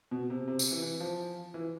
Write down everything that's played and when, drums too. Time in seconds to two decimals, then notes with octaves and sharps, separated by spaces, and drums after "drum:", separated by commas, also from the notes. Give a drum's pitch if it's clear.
0.11 B2
0.30 C3
0.48 C3
0.59 C3, drum: tambourine
0.71 E3
0.82 E3
1.00 F3
1.54 E3